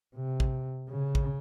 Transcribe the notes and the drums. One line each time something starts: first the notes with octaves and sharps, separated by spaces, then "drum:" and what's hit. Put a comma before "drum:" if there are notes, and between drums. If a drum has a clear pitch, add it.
C3
drum: kick A1
C#3
drum: kick A1